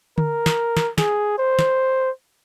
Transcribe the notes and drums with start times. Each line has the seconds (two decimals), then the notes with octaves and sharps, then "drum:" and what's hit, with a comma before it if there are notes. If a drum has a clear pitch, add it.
0.18 A#4, drum: tom D3
0.46 drum: snare
0.77 drum: snare
0.98 G#4, drum: snare
1.38 C5
1.59 drum: snare